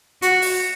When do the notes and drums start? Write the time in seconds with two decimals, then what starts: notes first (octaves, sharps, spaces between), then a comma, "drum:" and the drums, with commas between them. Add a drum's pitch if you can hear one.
0.22 F#4, drum: hi-hat
0.42 drum: open hi-hat